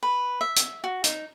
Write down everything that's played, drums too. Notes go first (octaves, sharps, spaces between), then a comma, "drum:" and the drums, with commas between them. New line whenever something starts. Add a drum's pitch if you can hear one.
B4
E5
drum: hi-hat
F#4
D#4, drum: hi-hat